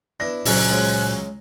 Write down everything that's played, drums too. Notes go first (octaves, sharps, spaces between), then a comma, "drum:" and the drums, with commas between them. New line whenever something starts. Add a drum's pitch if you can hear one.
B3 D4 E4 A#6
C#2 A#2 F#3 C5 G#5 F#6, drum: open hi-hat
C#3 G#3